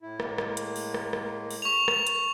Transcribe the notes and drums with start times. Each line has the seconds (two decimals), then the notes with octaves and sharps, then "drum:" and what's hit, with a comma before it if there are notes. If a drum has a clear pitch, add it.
0.02 A2 E4
0.20 A2 G#3 A#3, drum: rim click
0.38 drum: rim click
0.57 drum: hi-hat
0.76 drum: open hi-hat
0.94 drum: rim click
1.13 drum: rim click
1.51 drum: open hi-hat
1.62 C#6 F7
1.88 drum: rim click
2.07 drum: hi-hat